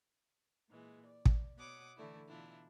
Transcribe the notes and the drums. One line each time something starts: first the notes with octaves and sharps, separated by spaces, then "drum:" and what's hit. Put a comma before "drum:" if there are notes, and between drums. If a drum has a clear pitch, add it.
A#2 E3 G#3
D5
drum: kick
B2 B3 C#5 F#5 D6 D#6
D3 E3 A3 E4 D5
B2 E3 D4 E4 F4